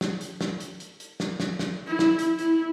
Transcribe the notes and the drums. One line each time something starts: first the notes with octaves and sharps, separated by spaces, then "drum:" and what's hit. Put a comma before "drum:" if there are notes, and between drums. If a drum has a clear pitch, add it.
drum: snare
drum: hi-hat
drum: snare
drum: hi-hat
drum: hi-hat
drum: hi-hat
drum: snare
drum: snare
drum: snare
E4
drum: snare
drum: hi-hat
E4, drum: hi-hat